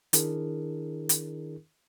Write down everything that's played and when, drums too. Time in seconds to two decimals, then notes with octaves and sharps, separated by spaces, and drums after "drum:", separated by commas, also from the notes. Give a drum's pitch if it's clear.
0.13 D#3 D4 E4 G#4 A#4, drum: hi-hat
1.09 drum: hi-hat